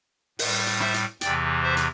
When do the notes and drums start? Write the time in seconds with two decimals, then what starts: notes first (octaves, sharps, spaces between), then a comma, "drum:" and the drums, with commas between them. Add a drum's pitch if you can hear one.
0.39 A2 G3, drum: open hi-hat
0.67 drum: hi-hat
0.80 C5 E5, drum: rim click
0.94 drum: hi-hat
1.21 E2 C3 E3 D5 G5, drum: hi-hat
1.62 C5 E5
1.77 drum: hi-hat